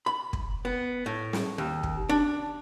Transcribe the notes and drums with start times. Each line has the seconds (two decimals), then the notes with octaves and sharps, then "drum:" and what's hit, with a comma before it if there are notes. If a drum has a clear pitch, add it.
0.06 B5
0.33 drum: kick
0.65 B3
1.06 A2
1.33 drum: snare
1.58 D#2
1.83 drum: kick
2.09 D4